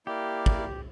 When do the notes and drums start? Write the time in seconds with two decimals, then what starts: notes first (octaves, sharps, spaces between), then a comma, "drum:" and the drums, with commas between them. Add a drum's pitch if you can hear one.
0.07 A#3 E4 G4 D5
0.46 drum: kick